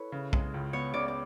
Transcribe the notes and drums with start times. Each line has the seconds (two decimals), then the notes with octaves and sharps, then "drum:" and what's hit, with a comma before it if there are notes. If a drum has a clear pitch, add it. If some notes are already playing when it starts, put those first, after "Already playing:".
Already playing: E4 A4 B4 C#5
0.12 C#3
0.33 G#3, drum: kick
0.54 C#2
0.73 B3 C#5
0.94 C#3 D5
1.08 D5